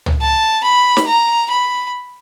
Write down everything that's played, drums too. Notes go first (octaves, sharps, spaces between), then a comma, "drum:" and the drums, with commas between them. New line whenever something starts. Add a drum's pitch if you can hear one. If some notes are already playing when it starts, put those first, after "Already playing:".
drum: tom
A5
B5
drum: snare
A#5
B5